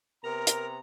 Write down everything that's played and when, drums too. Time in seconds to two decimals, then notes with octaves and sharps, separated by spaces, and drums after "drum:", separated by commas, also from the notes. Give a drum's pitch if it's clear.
0.23 C3 B3 A#4 A#5
0.47 drum: hi-hat